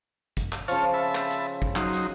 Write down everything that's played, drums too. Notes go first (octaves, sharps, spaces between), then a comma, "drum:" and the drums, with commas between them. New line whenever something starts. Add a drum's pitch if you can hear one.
drum: kick, hi-hat
drum: clap
C#3 F3 C#5 F5 A5, drum: hi-hat
E5 A5 B5
drum: clap
drum: hi-hat
drum: kick
F#3 D#4 C6, drum: clap
drum: hi-hat